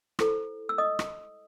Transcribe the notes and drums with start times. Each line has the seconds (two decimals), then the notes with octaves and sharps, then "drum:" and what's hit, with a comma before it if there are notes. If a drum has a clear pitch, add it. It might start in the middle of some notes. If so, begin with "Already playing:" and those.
0.19 E4 A4 C5, drum: rim click
0.69 E6
0.78 D#5 D#6
0.99 drum: rim click